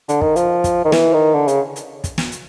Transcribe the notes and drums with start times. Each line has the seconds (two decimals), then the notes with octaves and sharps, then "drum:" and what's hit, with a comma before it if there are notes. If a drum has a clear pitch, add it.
0.09 D3, drum: hi-hat
0.21 D#3, drum: kick
0.36 F3, drum: hi-hat
0.64 drum: kick, hi-hat
0.85 D#3
0.92 E3, drum: snare
1.13 D#3
1.34 D3
1.48 C#3, drum: hi-hat
1.76 drum: hi-hat
2.04 drum: kick, hi-hat
2.18 drum: snare
2.32 drum: hi-hat